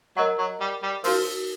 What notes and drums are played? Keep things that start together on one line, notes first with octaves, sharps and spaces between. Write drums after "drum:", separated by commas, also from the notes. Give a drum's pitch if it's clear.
F#3 A#4 D#5 F#5
F#3
G3
G3
F3 D#4 F#4 A#4, drum: open hi-hat